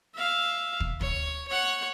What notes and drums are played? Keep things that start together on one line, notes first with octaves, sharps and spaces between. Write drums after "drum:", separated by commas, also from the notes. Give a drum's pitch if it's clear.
E5 F5
drum: kick
C#5, drum: kick
C#5 F#5